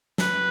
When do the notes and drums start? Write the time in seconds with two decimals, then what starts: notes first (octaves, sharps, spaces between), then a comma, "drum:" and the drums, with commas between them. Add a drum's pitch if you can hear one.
0.18 B4, drum: snare